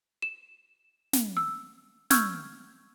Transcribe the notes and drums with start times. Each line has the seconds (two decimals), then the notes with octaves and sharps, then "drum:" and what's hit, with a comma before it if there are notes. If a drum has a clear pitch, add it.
0.22 E7
1.13 drum: snare
1.37 E6
2.10 C#6 E6 F6 G6 G#6, drum: snare